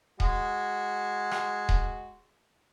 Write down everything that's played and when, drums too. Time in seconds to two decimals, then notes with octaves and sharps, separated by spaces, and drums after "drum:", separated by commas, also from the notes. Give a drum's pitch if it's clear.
0.20 G#3 F#4, drum: kick D#1
1.31 drum: rim click
1.69 drum: kick D#1